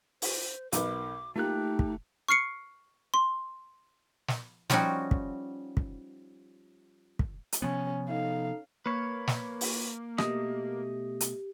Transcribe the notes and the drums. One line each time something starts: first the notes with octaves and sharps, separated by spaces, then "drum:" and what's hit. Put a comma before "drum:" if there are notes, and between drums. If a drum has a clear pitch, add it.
C5, drum: open hi-hat
B1 D#4 A#4 B4 D6, drum: hi-hat
A3 A#3 D#4 F4 G4 F#6
drum: kick
C#6 F6 C7 C#7
C6
drum: snare
F3 G3 C#4 D#4 F#4, drum: snare
drum: kick
drum: kick
drum: kick
drum: hi-hat
C3 F3 B3 C#4
D#4 A4 F5
A#3 B4 C#5
drum: snare
drum: open hi-hat
B2 A3 G4 D#5, drum: rim click
drum: hi-hat